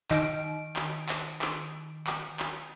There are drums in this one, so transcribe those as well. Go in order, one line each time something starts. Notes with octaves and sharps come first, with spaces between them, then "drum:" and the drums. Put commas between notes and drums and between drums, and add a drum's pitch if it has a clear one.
D#3 D7, drum: clap
drum: clap
drum: clap
drum: clap
drum: clap
drum: clap